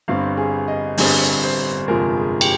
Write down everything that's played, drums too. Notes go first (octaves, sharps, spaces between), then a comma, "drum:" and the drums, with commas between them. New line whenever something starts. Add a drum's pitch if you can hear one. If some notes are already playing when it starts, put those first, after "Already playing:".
G1 G2 G3 C4 F5
G#4
D#5
G1 G2 G3 C4 G#4, drum: open hi-hat
C5
G1 F2 C3 F3 G#3 A#4
G#4
G4, drum: cymbal